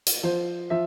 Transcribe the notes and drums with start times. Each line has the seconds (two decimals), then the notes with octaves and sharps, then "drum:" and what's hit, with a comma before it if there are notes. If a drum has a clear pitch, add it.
0.06 drum: hi-hat
0.23 F3 C5
0.70 F3 E5